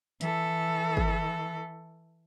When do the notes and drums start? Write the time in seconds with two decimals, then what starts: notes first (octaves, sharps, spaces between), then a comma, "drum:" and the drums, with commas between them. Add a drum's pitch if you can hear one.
0.21 E3 A4, drum: hi-hat
0.97 drum: kick